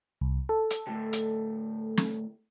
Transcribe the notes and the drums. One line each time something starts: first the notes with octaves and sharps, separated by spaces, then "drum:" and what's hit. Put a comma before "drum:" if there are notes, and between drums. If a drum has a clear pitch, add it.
C2
A4
drum: hi-hat
D2 A2 C3
drum: hi-hat
drum: snare